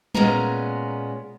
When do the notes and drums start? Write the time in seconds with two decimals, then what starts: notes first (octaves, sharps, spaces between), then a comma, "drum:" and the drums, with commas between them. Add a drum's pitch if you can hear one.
0.15 A#2 G#3 B3 C#4 A#4 A#5, drum: tom G3